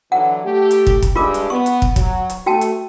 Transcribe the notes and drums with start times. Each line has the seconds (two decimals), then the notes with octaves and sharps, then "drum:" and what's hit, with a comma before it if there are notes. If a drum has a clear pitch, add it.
0.12 D3 E3 F#3 F#5
0.44 A3 G4
0.71 drum: hi-hat
0.87 drum: kick
1.02 drum: kick, hi-hat
1.16 G2 G#3 F4 G4 A#4 D6
1.34 drum: hi-hat
1.50 B3 C#6
1.66 drum: hi-hat
1.82 drum: kick
1.96 F#3, drum: kick, hi-hat
2.30 drum: hi-hat
2.46 A3 F#4 G5 A5
2.61 drum: hi-hat